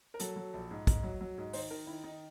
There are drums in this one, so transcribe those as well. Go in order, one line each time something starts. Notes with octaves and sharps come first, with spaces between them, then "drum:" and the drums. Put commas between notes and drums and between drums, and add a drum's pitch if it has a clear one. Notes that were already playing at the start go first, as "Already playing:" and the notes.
A#4
F#3 A4, drum: hi-hat
F#3
A#1
G#2
G#2, drum: kick, hi-hat
F#3
F#3
G#2
D#3 C5, drum: open hi-hat
D#3 A#4
D#3 E4
D#3 D#4